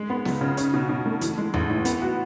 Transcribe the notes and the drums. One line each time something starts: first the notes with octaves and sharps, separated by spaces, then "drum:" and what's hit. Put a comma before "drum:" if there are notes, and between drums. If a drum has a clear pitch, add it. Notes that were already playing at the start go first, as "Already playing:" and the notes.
Already playing: G#3
B3
C#2, drum: snare B3
C#3
C#4, drum: hi-hat
B2
B2
A3
E3, drum: hi-hat
G#3
A1, drum: tom E2
A2
B3, drum: hi-hat
F#4